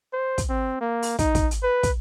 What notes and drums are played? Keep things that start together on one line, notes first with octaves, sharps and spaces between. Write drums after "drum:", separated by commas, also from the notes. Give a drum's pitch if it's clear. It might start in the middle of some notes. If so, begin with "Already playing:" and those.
C5
drum: kick, hi-hat
C4
A#3
drum: open hi-hat
D#4, drum: kick, hi-hat
drum: kick, hi-hat
drum: hi-hat
B4
drum: kick, hi-hat